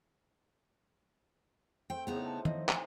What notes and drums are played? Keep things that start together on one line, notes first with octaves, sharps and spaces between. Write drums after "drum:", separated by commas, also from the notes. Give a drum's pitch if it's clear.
A3 C4 G5
A2 C#3 B3 D#4 G#4 F#5 A#5
A5
F3 D#5, drum: tom D#3
G#5, drum: clap